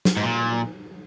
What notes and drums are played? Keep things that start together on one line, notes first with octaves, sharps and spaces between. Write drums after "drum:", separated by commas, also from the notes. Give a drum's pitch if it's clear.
drum: snare
G#2
A#2